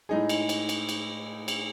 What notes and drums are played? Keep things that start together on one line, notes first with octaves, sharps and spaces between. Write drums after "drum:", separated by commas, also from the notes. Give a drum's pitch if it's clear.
A2 G#3 D#4 G#4
drum: cymbal
drum: cymbal
drum: cymbal
drum: cymbal
drum: cymbal